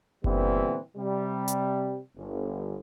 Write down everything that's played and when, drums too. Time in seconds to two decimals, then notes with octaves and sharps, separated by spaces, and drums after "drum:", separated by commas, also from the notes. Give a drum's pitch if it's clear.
0.24 A#2 D3 E3 G3 B3 C4, drum: kick F#1
0.97 C3 G3
1.48 drum: hi-hat
2.17 G1